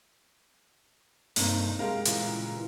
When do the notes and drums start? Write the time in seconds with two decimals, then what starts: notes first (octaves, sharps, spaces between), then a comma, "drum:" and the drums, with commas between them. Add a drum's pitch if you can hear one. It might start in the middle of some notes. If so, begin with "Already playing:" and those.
1.36 G2 C3 A3 A#3 C4 D#4, drum: open hi-hat
1.79 G#3 G4 A#4 F5
2.05 A#2 C#3 E3, drum: hi-hat